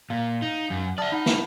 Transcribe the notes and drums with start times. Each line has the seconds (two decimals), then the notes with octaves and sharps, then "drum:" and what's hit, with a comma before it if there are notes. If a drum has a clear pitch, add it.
0.10 A#2 F5
0.42 D#4
0.70 F#2
0.98 D5 E5 A5 D#6 F6
1.12 D#4 F#5 B5
1.26 drum: snare